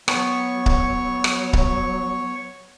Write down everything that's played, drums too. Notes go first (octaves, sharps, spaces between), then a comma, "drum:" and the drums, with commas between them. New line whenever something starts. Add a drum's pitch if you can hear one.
F#3 B3 C#5 C#6, drum: rim click
drum: kick C#1
drum: rim click
drum: kick C#1